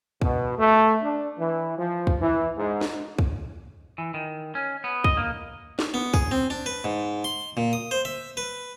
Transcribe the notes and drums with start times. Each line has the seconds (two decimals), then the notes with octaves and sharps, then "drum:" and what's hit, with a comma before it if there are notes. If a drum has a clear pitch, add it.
0.22 B2, drum: kick
0.58 A3
1.02 D4
1.37 E3
1.77 F3
2.07 drum: kick
2.21 E3
2.57 G#2
2.81 drum: snare
3.19 drum: kick
3.98 E3
4.14 D#3
4.55 C#4
4.84 B3
5.04 D#5, drum: kick
5.17 A#3
5.79 drum: snare
5.94 B3
6.14 G#4, drum: kick
6.31 C4
6.50 D4
6.66 B4
6.84 G#2
7.24 C6
7.57 A#2
7.73 D#6
7.91 C5
8.05 E5
8.37 B4